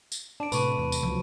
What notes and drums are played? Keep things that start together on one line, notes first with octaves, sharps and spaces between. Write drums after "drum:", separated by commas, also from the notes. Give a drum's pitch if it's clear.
drum: tambourine
D4 D5 A5 D7
A2 C3 A3 B4 B5 C#6 D#7, drum: tambourine
E2
drum: tambourine
C#2 F3 F#3